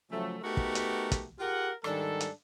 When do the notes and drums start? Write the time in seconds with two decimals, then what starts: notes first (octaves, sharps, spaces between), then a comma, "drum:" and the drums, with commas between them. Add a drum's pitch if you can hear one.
0.11 C#3 F3 F#3 A3
0.43 A3 B3 D#4 F#4 G4 A#4
0.57 drum: kick
0.75 drum: hi-hat
1.12 drum: kick, hi-hat
1.40 F4 G4 G#4 A#4 F#5
1.84 G#2 D#3 G3 D4 A4, drum: rim click
2.20 drum: hi-hat